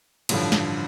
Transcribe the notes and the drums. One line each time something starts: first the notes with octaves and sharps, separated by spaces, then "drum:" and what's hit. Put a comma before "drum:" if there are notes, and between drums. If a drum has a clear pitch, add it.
A1 G2 D3 F3, drum: cymbal
drum: snare